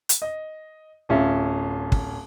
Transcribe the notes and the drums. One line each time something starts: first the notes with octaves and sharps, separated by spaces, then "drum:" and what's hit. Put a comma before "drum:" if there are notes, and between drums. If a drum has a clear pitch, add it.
drum: hi-hat
D#5
D1 C#4 F4 E5
drum: kick